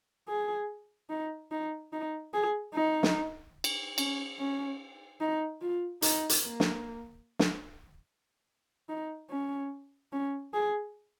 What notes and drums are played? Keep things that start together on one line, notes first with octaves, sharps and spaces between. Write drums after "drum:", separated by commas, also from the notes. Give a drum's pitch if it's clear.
G#4
D#4
D#4
D#4
G#4
D#4
drum: snare
drum: cymbal
C#4, drum: cymbal
C#4
D#4
F4
D#4, drum: hi-hat
drum: hi-hat
A#3
drum: snare
drum: snare
D#4
C#4
C#4
G#4